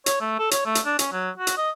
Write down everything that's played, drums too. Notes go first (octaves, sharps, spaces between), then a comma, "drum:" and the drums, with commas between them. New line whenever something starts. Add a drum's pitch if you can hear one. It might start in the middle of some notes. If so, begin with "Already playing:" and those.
C#5, drum: hi-hat
A3
A4
C#5, drum: hi-hat
A3
drum: hi-hat
D4
C#4, drum: hi-hat
F#3
F#4
drum: hi-hat
D#5